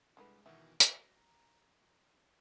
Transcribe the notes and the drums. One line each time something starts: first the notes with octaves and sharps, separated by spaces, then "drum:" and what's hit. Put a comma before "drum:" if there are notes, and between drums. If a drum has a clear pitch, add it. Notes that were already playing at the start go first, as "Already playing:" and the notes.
C2 D3 E3 G#3 B4
B2 D#3 E3 B3 F#4 E5
F#3 A#5, drum: hi-hat